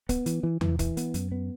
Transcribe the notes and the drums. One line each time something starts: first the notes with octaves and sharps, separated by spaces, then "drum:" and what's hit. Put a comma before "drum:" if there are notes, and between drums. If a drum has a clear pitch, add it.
B3, drum: kick, hi-hat
E3, drum: hi-hat
E3
E3, drum: tom E2
E3, drum: kick, hi-hat
B3, drum: hi-hat
F#2, drum: hi-hat
B3